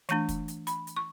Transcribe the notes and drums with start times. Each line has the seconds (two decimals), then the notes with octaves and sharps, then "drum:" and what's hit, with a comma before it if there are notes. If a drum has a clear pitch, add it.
0.09 E3 A3 D4, drum: snare
0.29 drum: kick, hi-hat
0.48 drum: hi-hat
0.67 B5, drum: hi-hat
0.87 drum: hi-hat
0.96 C#6